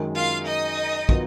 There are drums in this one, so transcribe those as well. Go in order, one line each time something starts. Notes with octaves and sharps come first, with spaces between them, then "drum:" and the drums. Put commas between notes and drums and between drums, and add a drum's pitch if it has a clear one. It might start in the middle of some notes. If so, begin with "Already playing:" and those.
Already playing: F#2 D#3 G#3
F4 F5
D#4 D#5
D#3 F#3 B3 F4, drum: kick